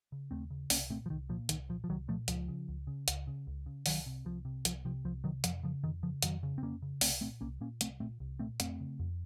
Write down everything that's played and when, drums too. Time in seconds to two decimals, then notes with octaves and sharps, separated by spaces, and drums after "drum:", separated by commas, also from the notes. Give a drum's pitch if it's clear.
0.12 C#3
0.31 D#2 A3 C4
0.50 C#3
0.70 C2 A#3 C#4, drum: open hi-hat
0.90 A#2 A3 C4
1.06 F3
1.10 C2 D#3
1.29 A#2 F3
1.49 C2 D#3, drum: hi-hat
1.69 A#2 F3
1.84 F3
1.89 C2 D#3 F#3
2.08 A#2 F3 A3
2.28 C#2 F3, drum: hi-hat
2.48 C#3
2.68 C#2
2.87 C#3
3.08 C#2, drum: hi-hat
3.27 C#3
3.47 C#2
3.66 C#3
3.86 C2 D#3 F#3, drum: open hi-hat
4.06 C3
4.25 C2 F3
4.45 C3
4.65 C2 F3, drum: hi-hat
4.85 C3 F3
5.05 C2 F3
5.24 C3 D#3 F#3
5.44 F2 F3, drum: hi-hat
5.63 C#3 F3
5.84 F2 D#3
6.03 C#3 F3
6.22 F2 D#3 F#3, drum: hi-hat
6.43 C#3
6.58 C4
6.62 F2 A#3 C#4
6.82 C#3
7.01 C2 A3 C4, drum: open hi-hat
7.21 A#2 A3 C4
7.41 C2 A#3 C#4
7.61 A#2 A#3 C#4
7.81 C2 A3 C4, drum: hi-hat
8.00 A#2 A3 C4
8.20 C2
8.39 A#2 A3 C4
8.60 F2 A3 C4, drum: hi-hat
8.80 C#3
8.99 F2